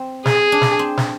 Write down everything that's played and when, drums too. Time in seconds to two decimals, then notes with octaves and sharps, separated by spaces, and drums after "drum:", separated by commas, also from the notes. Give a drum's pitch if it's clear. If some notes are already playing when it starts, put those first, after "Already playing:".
Already playing: C4
0.25 G#4, drum: snare
0.52 D4
0.61 drum: snare
0.79 C4
0.97 drum: snare